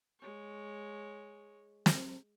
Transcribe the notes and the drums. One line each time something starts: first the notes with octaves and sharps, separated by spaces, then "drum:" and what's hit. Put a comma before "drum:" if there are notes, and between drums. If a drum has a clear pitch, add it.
G#3 C#5
drum: snare